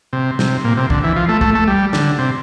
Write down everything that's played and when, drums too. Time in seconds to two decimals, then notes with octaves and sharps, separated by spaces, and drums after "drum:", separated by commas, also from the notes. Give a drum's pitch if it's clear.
0.13 C3
0.39 C3, drum: snare
0.64 A#2
0.77 C3
0.90 D3, drum: kick
1.04 E3
1.16 F3
1.29 A3
1.41 A3, drum: kick
1.55 A3
1.68 G3
1.93 D3, drum: snare
2.19 C3